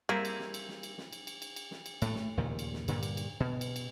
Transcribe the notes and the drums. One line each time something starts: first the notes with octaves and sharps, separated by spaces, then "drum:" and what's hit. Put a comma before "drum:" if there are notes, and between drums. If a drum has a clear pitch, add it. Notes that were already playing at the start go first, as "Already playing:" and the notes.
G3 A#3 C4 E4 G#4 A#4 A#5
drum: cymbal
drum: snare
drum: cymbal
drum: snare
drum: cymbal
drum: snare
drum: cymbal
drum: cymbal
drum: cymbal
drum: cymbal
drum: snare
drum: cymbal
A2 A3, drum: cymbal
drum: snare
D#2 A#2 C#3 F3
drum: cymbal
drum: snare
G2 A#2 D3 G3, drum: cymbal
drum: cymbal
drum: cymbal
B2
drum: cymbal
drum: cymbal